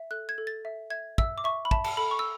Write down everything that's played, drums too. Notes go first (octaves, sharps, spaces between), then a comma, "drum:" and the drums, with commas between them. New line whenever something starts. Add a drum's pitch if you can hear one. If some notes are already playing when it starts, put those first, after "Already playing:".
Already playing: E5
A4 F#6
G#6
A4
A6
E5
E5 G#6
E5 E6, drum: kick
D6
E5 C#6
B5
E5 A5, drum: kick
A5, drum: cymbal
A4 B5
C#6
E6